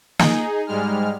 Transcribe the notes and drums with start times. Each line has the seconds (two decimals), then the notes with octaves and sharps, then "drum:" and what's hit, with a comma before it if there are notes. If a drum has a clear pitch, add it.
0.19 D#4 G#4, drum: snare
0.67 G#2 G3 G#3 F6